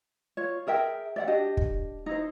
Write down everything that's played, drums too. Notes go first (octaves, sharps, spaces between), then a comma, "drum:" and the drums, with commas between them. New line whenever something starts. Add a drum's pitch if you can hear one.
F4 C#5
G#4 A#4 E5 G5
D5 E5 F#5
D4 G4 D#5
drum: kick
D#4 E4 C5